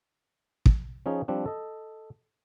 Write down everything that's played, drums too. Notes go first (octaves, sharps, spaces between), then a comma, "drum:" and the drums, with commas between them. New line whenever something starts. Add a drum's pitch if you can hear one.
drum: kick
F3 C#4 D#4 G#4
F3 G3 C4 D4
A4 D#5